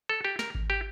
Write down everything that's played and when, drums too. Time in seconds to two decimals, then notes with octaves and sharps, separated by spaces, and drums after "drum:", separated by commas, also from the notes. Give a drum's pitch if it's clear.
0.09 A4
0.25 G4
0.39 A#4, drum: snare
0.55 drum: kick G#1
0.70 G4